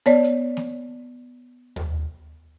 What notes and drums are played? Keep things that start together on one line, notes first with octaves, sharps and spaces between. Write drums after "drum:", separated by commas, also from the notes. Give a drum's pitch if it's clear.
B3 C#5 D5, drum: hi-hat
drum: hi-hat
drum: snare A#3
drum: tom D#2